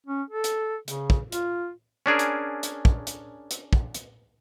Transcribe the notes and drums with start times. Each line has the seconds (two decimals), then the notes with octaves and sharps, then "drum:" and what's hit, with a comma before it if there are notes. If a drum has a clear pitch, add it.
0.06 C#4
0.30 A4
0.44 drum: hi-hat
0.88 C#3, drum: hi-hat
1.10 drum: kick
1.32 F4, drum: hi-hat
2.06 C#4 D4 G#4 A#4
2.19 drum: hi-hat
2.63 drum: hi-hat
2.85 drum: kick
3.07 drum: hi-hat
3.51 drum: hi-hat
3.73 drum: kick
3.94 drum: hi-hat